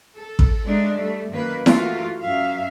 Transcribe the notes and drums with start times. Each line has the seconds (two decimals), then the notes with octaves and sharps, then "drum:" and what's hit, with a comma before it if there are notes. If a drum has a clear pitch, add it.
0.17 A4
0.39 drum: kick
0.65 G#3 A3 D4 D#4
0.95 G3 A3
1.31 F#2 D#3 A#3 B4
1.66 E3 A3 A#3 F4 F#4, drum: snare E4
2.22 F#2 F#3 E5 F5